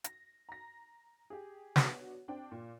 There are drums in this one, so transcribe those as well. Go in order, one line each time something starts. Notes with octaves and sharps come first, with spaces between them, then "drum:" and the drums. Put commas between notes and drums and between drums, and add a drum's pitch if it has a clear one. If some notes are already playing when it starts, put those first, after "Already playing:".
A#6, drum: hi-hat
A#5 A#6
G4 G#4
B3 D4 F#4 C#5, drum: snare
C4 D4 G5
A#2